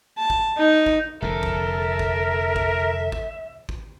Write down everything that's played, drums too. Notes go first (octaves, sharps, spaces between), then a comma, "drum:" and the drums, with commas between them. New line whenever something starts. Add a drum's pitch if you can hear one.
A5
drum: kick
D#4
drum: kick
F1 F2 D3 A4 A#4 E5
drum: kick
drum: kick
drum: kick
drum: kick
drum: kick